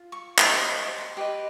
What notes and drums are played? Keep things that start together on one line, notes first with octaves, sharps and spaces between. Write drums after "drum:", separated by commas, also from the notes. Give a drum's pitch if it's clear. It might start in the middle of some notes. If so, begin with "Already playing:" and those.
Already playing: F4
C#6
G4 C5 D#5 C6, drum: clap
C6
C#6
C6
G4 B4 D#5